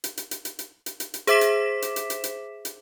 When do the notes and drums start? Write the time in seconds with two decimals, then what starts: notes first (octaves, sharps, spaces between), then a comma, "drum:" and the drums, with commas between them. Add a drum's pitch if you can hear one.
0.04 drum: hi-hat
0.17 drum: hi-hat
0.31 drum: hi-hat
0.45 drum: hi-hat
0.59 drum: hi-hat
0.86 drum: hi-hat
1.00 drum: hi-hat
1.14 drum: hi-hat
1.27 G#4 C5 E5 D6 B6 E7, drum: hi-hat
1.41 drum: hi-hat
1.82 drum: hi-hat
1.96 drum: hi-hat
2.10 drum: hi-hat
2.24 drum: hi-hat
2.65 drum: hi-hat